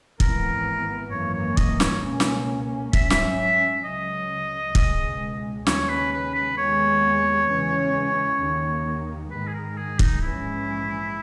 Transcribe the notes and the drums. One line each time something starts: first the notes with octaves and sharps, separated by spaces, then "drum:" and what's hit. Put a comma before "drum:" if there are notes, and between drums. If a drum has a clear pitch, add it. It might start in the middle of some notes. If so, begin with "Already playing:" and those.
G#1 G#2 E3 B3 A#4, drum: kick
G#1 F#2 E3 A#3 C#5
C#5
D#5, drum: kick
C#5, drum: snare
C#2 B2 A#3 C#4
drum: snare
G#2 F#3 C#4 E5, drum: kick
E5, drum: snare
C#2 C#3 F#3 D#5
C#2 B2 G#3, drum: kick
D#2 C#3 G#3 C#4 C#5, drum: snare
B4
B4
B4
D#2 D#3 G#3 B3 C#5
E2 C#3 E3 G#3 C#4
D#2 D#3 A#3
G#2 D#3 G#3 B4
G#4
A#4
G#4
D#4, drum: kick
A#1 G#2 E3 G#3 C#4 E4